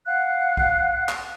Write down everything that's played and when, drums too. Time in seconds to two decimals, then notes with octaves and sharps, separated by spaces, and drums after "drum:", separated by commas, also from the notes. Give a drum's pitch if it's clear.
0.06 F5 F#5 F#6
0.57 drum: kick B1
1.09 drum: clap